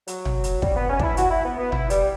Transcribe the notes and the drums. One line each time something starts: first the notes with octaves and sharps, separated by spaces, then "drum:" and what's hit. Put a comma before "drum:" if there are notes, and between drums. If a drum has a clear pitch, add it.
F#3, drum: hi-hat
drum: tom
drum: hi-hat
G3, drum: kick
B3
C#4
D4, drum: kick
E4
F#4, drum: hi-hat
E4
B3
B3
E4, drum: tom
G3, drum: hi-hat